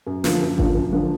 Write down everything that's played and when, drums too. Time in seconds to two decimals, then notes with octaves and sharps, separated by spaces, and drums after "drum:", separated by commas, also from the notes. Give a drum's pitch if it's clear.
0.06 F#2
0.24 D3 F3 A#3 F4, drum: snare
0.42 F#2
0.58 D3 F3 A#3 F4, drum: kick G#1
0.75 F#2
0.93 D3 F3 A#3 F4